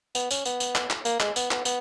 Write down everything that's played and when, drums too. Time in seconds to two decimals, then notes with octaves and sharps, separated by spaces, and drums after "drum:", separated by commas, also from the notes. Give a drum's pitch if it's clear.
0.15 B3, drum: tambourine
0.31 C#4, drum: tambourine
0.45 B3, drum: tambourine
0.60 drum: tambourine
0.75 drum: clap
0.90 drum: clap
1.05 A#3, drum: tambourine
1.20 G#3, drum: clap
1.36 B3, drum: tambourine
1.51 B3, drum: clap
1.65 B3, drum: tambourine